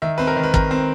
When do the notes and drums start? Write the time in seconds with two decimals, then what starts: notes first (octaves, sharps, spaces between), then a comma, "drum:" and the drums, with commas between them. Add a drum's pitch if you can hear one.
0.02 D#3 E5
0.18 C4 B4
0.27 A#4
0.36 D#3
0.43 B4
0.54 D#3 A#4, drum: kick
0.71 C4